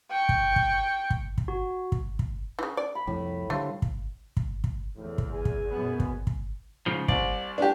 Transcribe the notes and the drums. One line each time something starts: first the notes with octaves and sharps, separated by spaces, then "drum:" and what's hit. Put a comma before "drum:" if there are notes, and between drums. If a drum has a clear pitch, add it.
G5 C#6
drum: kick
drum: kick
drum: kick
drum: kick
F#4
drum: kick
drum: kick
C#3 E3
D5
B5
C2 F2 A2
D3 G3 A3 C5 F5 C6
drum: kick
drum: kick
drum: kick
E2 A2
drum: kick
G#4 G#5
drum: kick
F#2 B2 B3
drum: kick
drum: kick
G#2 C#3 F3
C2 D5, drum: kick
D4 G4